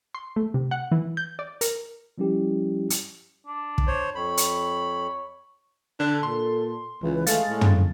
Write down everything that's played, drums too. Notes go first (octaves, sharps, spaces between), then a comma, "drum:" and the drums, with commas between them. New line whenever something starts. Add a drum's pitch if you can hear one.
C6
A3
C3
F#5
E3
G6
D5
A#4, drum: hi-hat
F3 G3 C#4 E4 G4
drum: hi-hat
D4
drum: kick
C5 C#5
F2 C#5 B5
drum: hi-hat
D3 D4 A4
A#2 C6
C#2 E3 B4
G#3 A3 F5 A6, drum: hi-hat
A2
drum: tom